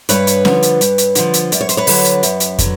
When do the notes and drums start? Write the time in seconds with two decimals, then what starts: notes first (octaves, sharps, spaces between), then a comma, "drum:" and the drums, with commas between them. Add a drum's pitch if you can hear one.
0.09 G2 B4 C#5, drum: hi-hat
0.27 drum: hi-hat
0.45 D3 F3, drum: snare
0.63 drum: hi-hat
0.81 G2, drum: hi-hat
0.98 drum: hi-hat
1.15 D3 F3, drum: hi-hat
1.34 drum: hi-hat
1.52 F#2 D5, drum: hi-hat
1.61 C#5
1.69 C5, drum: hi-hat
1.77 B4 C#5
1.87 D3 F#3, drum: open hi-hat
2.05 drum: hi-hat
2.23 F#2, drum: hi-hat
2.40 drum: hi-hat
2.59 D3 F#3, drum: kick, hi-hat